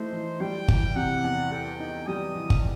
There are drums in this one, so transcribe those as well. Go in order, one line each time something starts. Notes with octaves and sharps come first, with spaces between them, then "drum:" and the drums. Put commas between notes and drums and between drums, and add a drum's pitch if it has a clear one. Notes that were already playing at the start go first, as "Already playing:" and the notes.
Already playing: E3 A3 D#4 C5
E3
G3 G5
E3, drum: kick G1
C3 F#5
E2
A4 G5
D#4
G3 D#6
E3
drum: kick G1